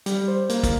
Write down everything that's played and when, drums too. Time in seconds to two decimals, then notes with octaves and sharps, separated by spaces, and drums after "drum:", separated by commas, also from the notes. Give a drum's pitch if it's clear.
0.06 G3, drum: hi-hat
0.28 C5
0.49 A#3, drum: hi-hat
0.63 drum: kick, hi-hat